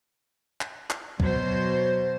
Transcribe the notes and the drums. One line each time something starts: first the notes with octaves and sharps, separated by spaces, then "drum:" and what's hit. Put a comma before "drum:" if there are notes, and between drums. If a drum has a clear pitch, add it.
drum: clap
drum: clap
B2 F#3 C5, drum: kick